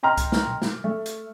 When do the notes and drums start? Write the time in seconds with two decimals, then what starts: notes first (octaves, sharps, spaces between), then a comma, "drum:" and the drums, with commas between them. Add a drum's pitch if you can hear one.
0.03 D#5 G5 A#5 C6 F6
0.17 drum: kick C2, hi-hat
0.32 drum: snare
0.47 drum: tom A#2
0.62 drum: snare
0.84 A3
1.06 drum: hi-hat